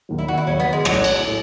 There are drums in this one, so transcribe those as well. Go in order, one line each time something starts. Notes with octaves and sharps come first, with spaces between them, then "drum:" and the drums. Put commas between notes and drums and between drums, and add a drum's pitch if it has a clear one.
D#2 D#3 F#3
E4
F#4
E4
D#2 D#3 F#3 C#4
B3
G#3
B1 A2 F#3 G#3, drum: rim click
drum: cymbal
A2